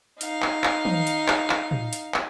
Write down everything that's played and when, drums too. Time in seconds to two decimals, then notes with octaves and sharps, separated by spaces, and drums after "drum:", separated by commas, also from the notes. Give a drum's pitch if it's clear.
0.21 D#4 F5, drum: hi-hat
0.42 drum: clap
0.64 drum: clap
0.85 drum: tom
1.07 drum: hi-hat
1.28 drum: clap
1.50 drum: clap
1.71 drum: tom
1.93 drum: hi-hat
2.14 drum: clap